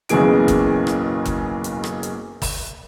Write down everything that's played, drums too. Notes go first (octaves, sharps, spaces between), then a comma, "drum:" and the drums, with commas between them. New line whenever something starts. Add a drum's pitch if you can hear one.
F#1 B1 C#3 E3 G#4 D7, drum: hi-hat
drum: kick, hi-hat
drum: rim click
drum: kick, hi-hat
drum: hi-hat
drum: rim click
drum: hi-hat
drum: kick, open hi-hat